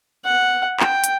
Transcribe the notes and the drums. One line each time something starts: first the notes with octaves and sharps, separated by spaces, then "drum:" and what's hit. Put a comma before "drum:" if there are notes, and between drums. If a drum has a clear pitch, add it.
F#5
G5, drum: clap
drum: hi-hat